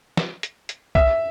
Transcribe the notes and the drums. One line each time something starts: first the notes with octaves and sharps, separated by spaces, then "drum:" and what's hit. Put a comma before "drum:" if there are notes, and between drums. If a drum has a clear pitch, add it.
drum: snare
drum: hi-hat
drum: hi-hat
E5, drum: kick C2